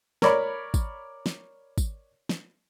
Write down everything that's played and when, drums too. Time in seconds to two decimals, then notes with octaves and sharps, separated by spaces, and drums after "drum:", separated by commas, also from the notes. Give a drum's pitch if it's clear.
0.22 A#4 C#5 D5 B5, drum: snare
0.74 drum: kick, tambourine
1.26 drum: snare
1.78 drum: kick, tambourine
2.29 drum: snare